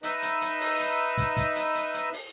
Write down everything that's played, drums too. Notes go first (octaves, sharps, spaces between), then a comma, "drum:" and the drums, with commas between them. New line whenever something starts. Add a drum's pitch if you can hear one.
D#4 B4 D#5 E5, drum: hi-hat
drum: hi-hat
drum: hi-hat
drum: open hi-hat
drum: hi-hat
drum: kick, hi-hat
drum: kick, hi-hat
drum: hi-hat
drum: hi-hat
drum: hi-hat
drum: open hi-hat